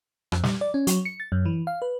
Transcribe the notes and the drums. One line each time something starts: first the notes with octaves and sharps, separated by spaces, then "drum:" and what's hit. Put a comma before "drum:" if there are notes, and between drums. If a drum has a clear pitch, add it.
F2, drum: rim click
G3, drum: snare
D5
C#4
F#3, drum: hi-hat
C#7
A6
F#2
E3
F5
B4